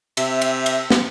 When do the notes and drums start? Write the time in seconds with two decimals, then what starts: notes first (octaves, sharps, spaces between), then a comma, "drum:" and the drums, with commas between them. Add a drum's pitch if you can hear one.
0.17 C3 E5, drum: cymbal
0.42 drum: cymbal
0.66 drum: cymbal
0.90 drum: snare